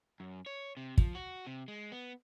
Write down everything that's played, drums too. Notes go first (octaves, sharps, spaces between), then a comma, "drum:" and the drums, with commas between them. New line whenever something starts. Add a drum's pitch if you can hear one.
F#2
C#5
C3
F3, drum: kick
F#4
C3
G#3
B3